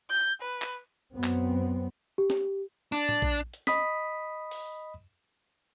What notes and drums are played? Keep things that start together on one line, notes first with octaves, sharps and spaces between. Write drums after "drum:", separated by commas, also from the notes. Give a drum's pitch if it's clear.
G6
B4
drum: clap
F#2 B3 C4
drum: clap
G4
drum: snare
D4, drum: hi-hat
drum: tom A2
drum: kick A#1
drum: hi-hat
D#5 B5 D#6 B6, drum: snare
drum: open hi-hat